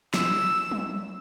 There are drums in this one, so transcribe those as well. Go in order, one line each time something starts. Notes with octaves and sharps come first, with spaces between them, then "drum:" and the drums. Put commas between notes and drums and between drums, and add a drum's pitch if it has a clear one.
E6, drum: snare
drum: tom